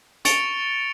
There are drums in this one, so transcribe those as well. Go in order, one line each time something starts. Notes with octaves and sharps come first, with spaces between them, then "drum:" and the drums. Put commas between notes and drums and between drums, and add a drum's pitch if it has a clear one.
C#6 A6 C#7 D7 F7 G7, drum: hi-hat